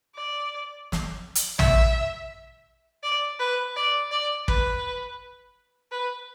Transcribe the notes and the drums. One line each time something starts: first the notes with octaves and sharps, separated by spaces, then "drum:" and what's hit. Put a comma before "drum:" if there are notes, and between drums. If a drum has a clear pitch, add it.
D5
drum: snare
drum: hi-hat
E5, drum: tom
D5
B4
D5
D5
B4, drum: kick
B4